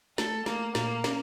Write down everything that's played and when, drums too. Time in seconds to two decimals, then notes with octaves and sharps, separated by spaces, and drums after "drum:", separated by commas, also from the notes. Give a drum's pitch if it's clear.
0.18 A3 A4, drum: snare
0.46 A3 A#3, drum: snare
0.75 A#2 A#3, drum: snare
1.04 C#4, drum: snare